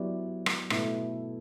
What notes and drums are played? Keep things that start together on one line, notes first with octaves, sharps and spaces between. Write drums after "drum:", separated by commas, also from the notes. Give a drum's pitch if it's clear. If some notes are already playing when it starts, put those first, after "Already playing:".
Already playing: F#3 B3 E4 G4 D5
drum: rim click
B2 A3 E4, drum: rim click